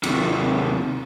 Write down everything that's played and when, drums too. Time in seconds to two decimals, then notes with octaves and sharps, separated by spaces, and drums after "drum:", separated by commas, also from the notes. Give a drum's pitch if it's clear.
0.03 D#2 C3, drum: cymbal